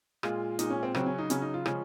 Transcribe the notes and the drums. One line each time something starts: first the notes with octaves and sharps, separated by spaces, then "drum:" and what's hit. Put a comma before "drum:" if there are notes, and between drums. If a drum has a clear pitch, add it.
A#2 G#3 F4, drum: rim click
A#2 G#3 D#4, drum: hi-hat
C#4
C4
C#3 F#3 C4, drum: rim click
C#4
D#4
C#3 F#3 C#4, drum: hi-hat
D#4
F4
C#3 F3 G#3 C#4, drum: rim click